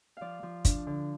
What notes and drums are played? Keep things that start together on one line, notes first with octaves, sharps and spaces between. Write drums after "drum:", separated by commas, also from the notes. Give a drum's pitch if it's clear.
F3 D5 F5
F3
D4, drum: kick, hi-hat
D3